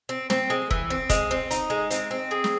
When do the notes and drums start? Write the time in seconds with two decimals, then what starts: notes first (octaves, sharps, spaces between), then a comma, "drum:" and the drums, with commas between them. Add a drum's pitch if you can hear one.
0.09 C4
0.30 C4, drum: snare
0.50 G#3
0.71 E3, drum: kick F1
0.90 C4
1.10 G#3, drum: kick F1, hi-hat
1.31 C4
1.51 D#4, drum: hi-hat
1.70 G#3
1.91 C4, drum: hi-hat
2.11 C4
2.31 G#4
2.44 drum: snare